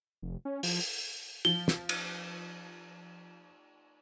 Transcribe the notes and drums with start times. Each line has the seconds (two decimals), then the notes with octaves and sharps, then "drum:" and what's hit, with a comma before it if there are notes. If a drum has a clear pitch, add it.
0.23 F1
0.45 C#4
0.63 F3, drum: open hi-hat
1.45 F3 G7
1.68 drum: snare
1.89 drum: cymbal